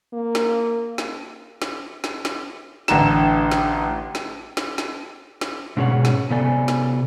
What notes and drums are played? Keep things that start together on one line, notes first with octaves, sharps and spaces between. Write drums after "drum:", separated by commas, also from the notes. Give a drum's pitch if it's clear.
A#3
drum: snare
drum: snare
drum: snare
drum: snare
drum: snare
A1 D3 A#5 E7, drum: snare
drum: snare
drum: snare
drum: snare
drum: snare
drum: snare
G#2 B2 C#4 G#4 C#5 F#5
drum: snare
C3 B3 A4 D5 G#5
drum: snare